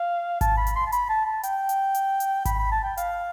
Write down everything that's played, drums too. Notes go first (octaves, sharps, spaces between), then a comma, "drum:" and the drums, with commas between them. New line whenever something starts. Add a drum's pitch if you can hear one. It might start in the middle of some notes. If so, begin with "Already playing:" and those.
Already playing: F5
A5, drum: kick G#1, hi-hat
B5
drum: hi-hat
C6
A5
B5, drum: hi-hat
A5
A5
G5, drum: hi-hat
drum: hi-hat
drum: hi-hat
drum: hi-hat
B5, drum: kick G#1, hi-hat
B5
A5
G5
F5, drum: hi-hat